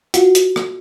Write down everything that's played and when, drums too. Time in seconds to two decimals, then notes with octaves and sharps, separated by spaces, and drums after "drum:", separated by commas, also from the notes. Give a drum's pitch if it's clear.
0.14 F4 F#4, drum: hi-hat
0.35 drum: hi-hat
0.56 drum: rim click